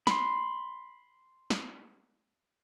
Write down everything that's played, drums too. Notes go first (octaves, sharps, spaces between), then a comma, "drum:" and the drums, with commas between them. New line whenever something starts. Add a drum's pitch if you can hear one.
B5 C6, drum: snare
drum: snare